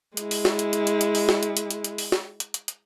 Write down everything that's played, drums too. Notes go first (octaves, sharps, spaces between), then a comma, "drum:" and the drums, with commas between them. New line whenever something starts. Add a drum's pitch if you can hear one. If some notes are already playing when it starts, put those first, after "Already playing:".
G#3 E4, drum: hi-hat
drum: open hi-hat
drum: snare
drum: hi-hat
drum: hi-hat
drum: hi-hat
drum: hi-hat
drum: open hi-hat
drum: snare
drum: hi-hat
drum: hi-hat
drum: hi-hat
drum: hi-hat
drum: open hi-hat
drum: snare
drum: hi-hat
drum: hi-hat
drum: hi-hat